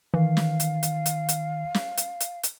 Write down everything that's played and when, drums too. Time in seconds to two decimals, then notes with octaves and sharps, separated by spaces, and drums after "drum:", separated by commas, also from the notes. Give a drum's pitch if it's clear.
0.14 D#3 E3 F5
0.37 drum: snare
0.60 drum: hi-hat
0.83 drum: hi-hat
1.06 drum: hi-hat
1.29 drum: hi-hat
1.74 drum: snare
1.97 drum: hi-hat
2.20 drum: hi-hat
2.43 drum: hi-hat